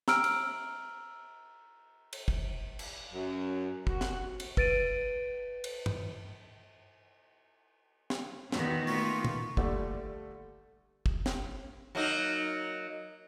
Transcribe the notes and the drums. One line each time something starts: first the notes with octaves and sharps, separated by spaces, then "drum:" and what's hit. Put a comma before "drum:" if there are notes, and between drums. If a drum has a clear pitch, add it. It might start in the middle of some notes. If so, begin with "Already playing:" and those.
A#5 E6 F6 D7, drum: snare
drum: cymbal
drum: cymbal
drum: kick
drum: cymbal
F#2
F#4, drum: kick
drum: snare
drum: cymbal
B4 A6 D7 D#7, drum: kick
drum: cymbal
drum: tom
drum: snare
E2 A#2 D#3 B3 F#4, drum: snare
A3 A#3 F4 C#6, drum: open hi-hat
drum: tom A#2
A#2 D3 G3 A3, drum: kick
drum: kick
drum: snare
F#3 A#3 D#4